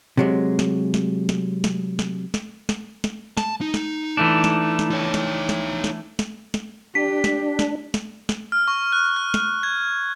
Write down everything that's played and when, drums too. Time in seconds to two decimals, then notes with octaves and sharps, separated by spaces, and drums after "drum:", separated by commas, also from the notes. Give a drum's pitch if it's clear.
0.17 C3 F#3 G#3
0.59 drum: snare
0.94 drum: snare
1.29 drum: snare
1.64 drum: snare
1.99 drum: snare
2.34 drum: snare
2.69 drum: snare
3.04 drum: snare
3.37 A5, drum: snare
3.61 D#4
3.74 drum: snare
4.17 E3 A3 D4
4.44 drum: snare
4.79 drum: snare
4.90 D#4 C#5
5.14 drum: snare
5.49 drum: snare
5.84 drum: snare
6.19 drum: snare
6.54 drum: snare
6.95 D4 G4 B6
7.24 drum: snare
7.59 drum: snare
7.94 drum: snare
8.29 drum: snare
8.52 F6
8.68 C#6
8.92 F#6
9.16 F#6
9.34 drum: snare
9.63 G#6